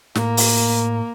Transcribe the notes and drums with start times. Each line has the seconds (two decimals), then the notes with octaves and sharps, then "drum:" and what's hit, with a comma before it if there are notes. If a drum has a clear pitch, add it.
0.15 A2 A#3, drum: snare
0.37 drum: open hi-hat